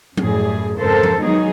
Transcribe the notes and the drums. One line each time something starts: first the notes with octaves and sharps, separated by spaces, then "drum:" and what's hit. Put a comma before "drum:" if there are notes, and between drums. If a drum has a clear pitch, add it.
F#2 A2 G3 G#4, drum: tom F3
F2 G#2 C#3 A4 A#4 C5
drum: tom F3
D#3 F#3 G#3 B3 D#4 G#4